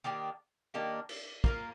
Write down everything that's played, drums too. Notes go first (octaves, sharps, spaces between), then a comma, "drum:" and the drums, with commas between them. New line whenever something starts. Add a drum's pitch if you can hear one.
D#3 A#3 D4 G4
D#3 A#3 D4 G4
drum: cymbal
A#3 F4 A#4, drum: kick